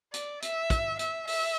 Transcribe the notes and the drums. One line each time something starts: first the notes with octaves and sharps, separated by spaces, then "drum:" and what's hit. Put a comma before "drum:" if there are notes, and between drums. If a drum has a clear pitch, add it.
D5, drum: hi-hat
E5, drum: hi-hat
drum: kick, hi-hat
E5, drum: hi-hat
E5, drum: open hi-hat